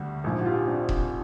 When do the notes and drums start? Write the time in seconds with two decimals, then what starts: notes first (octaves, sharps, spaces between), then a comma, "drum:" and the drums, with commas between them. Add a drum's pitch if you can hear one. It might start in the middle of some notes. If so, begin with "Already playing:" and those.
Already playing: D2 G3 F#4
0.24 A#1 G#2 F3
0.39 F#4
0.45 F4 G4
0.67 C4 D4
0.89 drum: kick E1